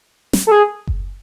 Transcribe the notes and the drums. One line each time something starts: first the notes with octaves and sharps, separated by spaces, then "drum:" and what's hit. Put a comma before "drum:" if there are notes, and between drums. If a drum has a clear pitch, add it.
drum: snare
A4
G#4
drum: kick F#1